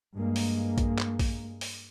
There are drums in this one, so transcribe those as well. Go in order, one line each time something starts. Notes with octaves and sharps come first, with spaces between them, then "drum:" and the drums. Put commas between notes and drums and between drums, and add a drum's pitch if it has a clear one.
G2 G#3 A#3
drum: open hi-hat
drum: kick A#1, hi-hat
drum: clap
drum: kick A#1, open hi-hat
drum: open hi-hat